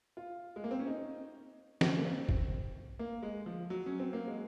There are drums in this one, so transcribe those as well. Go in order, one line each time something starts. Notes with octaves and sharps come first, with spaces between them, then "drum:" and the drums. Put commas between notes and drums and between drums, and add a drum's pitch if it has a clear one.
F4
G#3
A#3
C4
C#4
D#4
C#4, drum: snare
A#3
C4
drum: kick
A#3
G#3
F3
F#3
C#4
C4
A#3
G#3